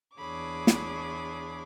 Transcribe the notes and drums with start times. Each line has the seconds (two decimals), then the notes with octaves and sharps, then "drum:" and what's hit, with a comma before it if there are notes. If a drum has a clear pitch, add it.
0.17 E2 D4 G#4 C#5 B5 D6
0.67 drum: snare